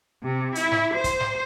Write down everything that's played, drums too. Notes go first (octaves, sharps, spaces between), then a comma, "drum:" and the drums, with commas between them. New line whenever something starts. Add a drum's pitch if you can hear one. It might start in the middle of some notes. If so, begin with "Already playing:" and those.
C3
E4, drum: hi-hat
drum: snare
C5
drum: kick, hi-hat
drum: snare